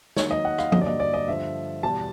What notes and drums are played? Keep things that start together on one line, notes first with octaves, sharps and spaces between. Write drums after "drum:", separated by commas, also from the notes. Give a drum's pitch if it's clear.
D#3 F#3 A#3 D#4 C#5, drum: snare
D#5
F#5
F5, drum: rim click
G2 D3 F#3 A#3 D#5, drum: tom F3
D5
D#5
D5
D#5
G2 D3 F3 E5
E2 B2 G3 A5